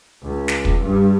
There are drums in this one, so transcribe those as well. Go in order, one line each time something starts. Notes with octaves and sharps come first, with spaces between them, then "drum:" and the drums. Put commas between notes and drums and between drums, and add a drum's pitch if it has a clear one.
C#2
drum: snare
drum: kick
G2